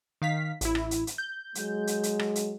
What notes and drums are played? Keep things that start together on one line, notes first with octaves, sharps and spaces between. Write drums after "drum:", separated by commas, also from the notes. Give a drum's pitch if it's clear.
D#3 F5 B6
A1 E4, drum: hi-hat
drum: rim click
drum: hi-hat
drum: hi-hat
G6
F#3 G#3, drum: hi-hat
drum: hi-hat
drum: hi-hat
drum: rim click
drum: hi-hat